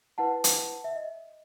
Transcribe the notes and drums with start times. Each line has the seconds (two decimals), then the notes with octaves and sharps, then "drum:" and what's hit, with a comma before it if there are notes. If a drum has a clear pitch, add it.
0.18 E4 B4 F#5 A5
0.44 drum: hi-hat
0.84 E5
0.96 D#5